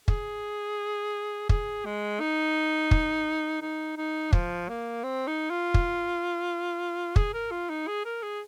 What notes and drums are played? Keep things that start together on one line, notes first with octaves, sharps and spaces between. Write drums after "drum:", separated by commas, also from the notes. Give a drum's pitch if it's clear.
G#4, drum: kick
G#4, drum: kick
G#3
D#4
drum: kick
D#4
D#4
F3, drum: kick
A#3
C4
D#4
F4
drum: kick
G#4, drum: kick
A#4
F4
D#4
G#4
A#4
G#4